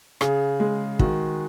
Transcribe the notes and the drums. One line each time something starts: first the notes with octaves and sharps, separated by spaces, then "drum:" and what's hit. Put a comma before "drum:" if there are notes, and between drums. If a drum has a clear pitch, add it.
C#3 G#4, drum: rim click
G#3
D#3 F#4, drum: kick